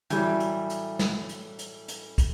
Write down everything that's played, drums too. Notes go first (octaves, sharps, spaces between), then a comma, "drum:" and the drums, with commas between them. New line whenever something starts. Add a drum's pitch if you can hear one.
A2 E3 F#3 G3, drum: hi-hat
drum: hi-hat
drum: hi-hat
drum: snare
drum: hi-hat
drum: hi-hat
drum: hi-hat
drum: kick, hi-hat